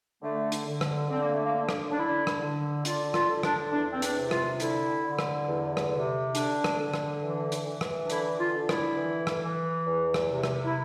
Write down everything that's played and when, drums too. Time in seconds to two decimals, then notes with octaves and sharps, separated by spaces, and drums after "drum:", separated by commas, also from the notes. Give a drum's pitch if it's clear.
0.22 D3 A3
0.52 drum: hi-hat
0.66 D3
0.81 drum: rim click
1.10 D3 C4
1.22 A#3
1.33 A3
1.44 A#3
1.54 D3
1.69 drum: rim click
1.92 D4
1.98 D3 E4
2.27 drum: rim click
2.41 D3
2.85 D3 F4, drum: hi-hat
3.14 F4, drum: rim click
3.29 D3
3.43 D4, drum: rim click
3.73 E2 D4
3.91 C4
4.02 D4, drum: hi-hat
4.17 C3
4.31 F4, drum: rim click
4.60 D3 E4, drum: hi-hat
5.04 D3
5.19 drum: rim click
5.48 E2
5.77 drum: rim click
5.92 C3
6.35 D3 D4, drum: hi-hat
6.64 drum: rim click
6.79 D3
6.94 drum: rim click
7.23 E3
7.52 drum: hi-hat
7.66 E3
7.81 drum: rim click
8.06 D4
8.10 D3 E4, drum: hi-hat
8.39 F4
8.54 D3
8.69 E4, drum: rim click
8.98 E3
9.27 drum: rim click
9.42 E3
9.85 E2
10.14 drum: rim click
10.29 C3
10.44 drum: rim click
10.65 E4